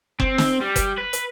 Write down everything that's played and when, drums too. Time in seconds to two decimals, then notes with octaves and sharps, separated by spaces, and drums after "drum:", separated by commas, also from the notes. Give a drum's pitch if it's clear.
0.20 C4, drum: kick F#1
0.38 drum: snare
0.61 G3
0.76 drum: kick F#1, hi-hat
0.98 B4
1.13 drum: hi-hat